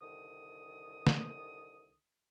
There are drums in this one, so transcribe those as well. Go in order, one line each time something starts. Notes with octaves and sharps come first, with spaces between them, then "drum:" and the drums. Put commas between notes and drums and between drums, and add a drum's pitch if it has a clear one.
C2 D3 D#3 D#6
drum: snare